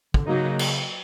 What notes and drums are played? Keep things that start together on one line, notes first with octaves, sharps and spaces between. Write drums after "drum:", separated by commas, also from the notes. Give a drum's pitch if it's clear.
D3, drum: kick
C#3 F#3 A#3 D#4
drum: cymbal